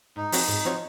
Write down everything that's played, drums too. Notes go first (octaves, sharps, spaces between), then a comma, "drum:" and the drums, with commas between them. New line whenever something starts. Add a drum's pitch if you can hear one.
G#2 D#4
F3 C4 F#4 C#5, drum: open hi-hat
G#2
F3 C4 F#4 C#5